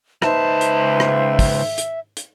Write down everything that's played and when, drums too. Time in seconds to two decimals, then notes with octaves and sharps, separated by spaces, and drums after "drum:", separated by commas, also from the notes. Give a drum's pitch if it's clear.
0.22 C#2 D#4 B4 C5 E5 A5, drum: rim click
0.61 drum: hi-hat
1.00 drum: rim click
1.39 drum: kick, open hi-hat
1.78 drum: hi-hat
2.17 drum: hi-hat